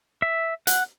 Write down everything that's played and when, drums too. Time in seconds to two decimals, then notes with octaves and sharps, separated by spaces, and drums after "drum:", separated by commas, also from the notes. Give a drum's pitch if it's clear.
0.22 E5
0.67 F#5, drum: hi-hat